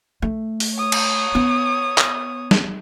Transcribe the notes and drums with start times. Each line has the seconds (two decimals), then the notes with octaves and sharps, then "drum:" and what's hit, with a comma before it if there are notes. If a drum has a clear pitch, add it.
0.22 A3
0.60 drum: open hi-hat
0.77 C#5 D#6
0.92 drum: cymbal
1.35 B3
1.98 drum: clap
2.51 drum: snare